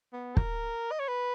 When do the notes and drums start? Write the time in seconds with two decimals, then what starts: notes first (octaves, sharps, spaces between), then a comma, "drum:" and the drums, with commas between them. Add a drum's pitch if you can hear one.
0.13 B3
0.37 A#4, drum: kick
0.91 D#5
0.99 C#5
1.08 B4